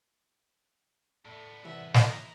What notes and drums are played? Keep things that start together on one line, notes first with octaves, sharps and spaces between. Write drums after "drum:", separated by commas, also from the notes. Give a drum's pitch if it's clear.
A2 A3 B3 D5
C2 E3 E5 F#5
E4 B4 D#5 A#5, drum: snare